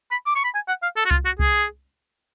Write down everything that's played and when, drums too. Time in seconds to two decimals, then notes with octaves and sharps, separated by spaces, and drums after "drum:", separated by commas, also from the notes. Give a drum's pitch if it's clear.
0.11 B5
0.26 D6
0.35 C#6
0.44 B5
0.55 G#5
0.68 F#5
0.83 F5
0.96 A4
1.06 F#4
1.11 F4, drum: kick C2
1.25 F#4
1.39 G#4, drum: kick C2